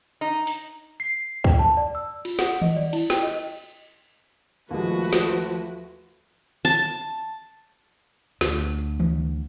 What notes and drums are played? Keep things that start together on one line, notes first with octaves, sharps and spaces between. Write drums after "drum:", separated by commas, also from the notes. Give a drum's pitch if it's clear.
D#4
drum: hi-hat
C7
G5, drum: kick
A5
D5
E6
F4, drum: cymbal
F#5, drum: snare
D#5, drum: tom D#3
D5
E4, drum: cymbal
G5, drum: snare
D#5
D#2 A#2 F3 G#3 A3 F#4 B4
drum: snare
A5
D2, drum: snare
drum: tom D#3